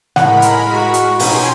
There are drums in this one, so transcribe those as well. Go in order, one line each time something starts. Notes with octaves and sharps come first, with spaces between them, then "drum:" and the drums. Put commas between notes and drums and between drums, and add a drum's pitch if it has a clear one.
A2 G#3 A#4 F#5 B5, drum: snare
drum: hi-hat
F#4
drum: hi-hat
B2 C#4 D#4 G5 G#5 C6, drum: open hi-hat